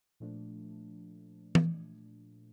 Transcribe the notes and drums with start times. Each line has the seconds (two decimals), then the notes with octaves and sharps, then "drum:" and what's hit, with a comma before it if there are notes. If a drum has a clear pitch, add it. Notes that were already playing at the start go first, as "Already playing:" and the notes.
0.20 A#2 F3 A3 D4
1.55 drum: tom E3